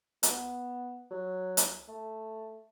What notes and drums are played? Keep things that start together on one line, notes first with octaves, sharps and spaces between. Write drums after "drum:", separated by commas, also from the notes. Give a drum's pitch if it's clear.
B3, drum: hi-hat
F#3
drum: hi-hat
A3